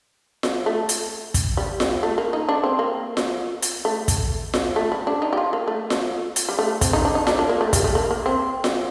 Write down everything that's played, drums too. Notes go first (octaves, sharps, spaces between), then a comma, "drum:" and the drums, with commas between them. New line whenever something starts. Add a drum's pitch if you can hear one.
drum: snare F4
A3
drum: hi-hat
drum: kick, hi-hat
G3
drum: snare F4
A3
A#3
D#4
D4
C4
A#3
drum: snare F4
drum: hi-hat
A3
drum: kick, hi-hat
drum: snare F4
A3
G3
D4
D#4
G4
F4
A#3
A3
drum: snare F4
drum: hi-hat
G3
A3
C4, drum: kick, hi-hat
D#4
D4
D#4
D4, drum: snare F4
A#3
A#3
A3
G3, drum: kick, hi-hat
A3
A#3
A#3
C4
drum: snare F4